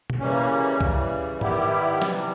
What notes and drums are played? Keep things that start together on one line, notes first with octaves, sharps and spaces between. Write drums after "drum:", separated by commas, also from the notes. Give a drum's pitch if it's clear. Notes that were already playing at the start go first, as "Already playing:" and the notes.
drum: tom B2
C#3 E3 G3 A#3 C#4
C#3 E3 G3, drum: kick C2
D#3 G3 B3 E4 G4, drum: tom G#2
C3 E3 G3, drum: snare